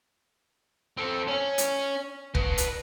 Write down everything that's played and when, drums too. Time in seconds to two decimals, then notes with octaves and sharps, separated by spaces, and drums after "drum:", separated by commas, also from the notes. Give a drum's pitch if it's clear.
0.97 C4 A4
1.27 C#4
1.58 drum: hi-hat
2.35 B4 A5, drum: kick
2.58 drum: hi-hat